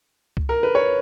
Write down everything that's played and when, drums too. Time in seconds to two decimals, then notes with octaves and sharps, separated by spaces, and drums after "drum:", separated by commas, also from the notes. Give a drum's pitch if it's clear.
0.37 drum: kick C#2
0.49 A#4
0.63 B4
0.75 C#5